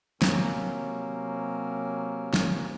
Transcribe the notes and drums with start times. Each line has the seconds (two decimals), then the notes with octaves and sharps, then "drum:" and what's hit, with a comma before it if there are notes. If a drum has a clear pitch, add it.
0.22 C3 F#3 A#3 C4 C#4 A#4, drum: snare
2.34 drum: snare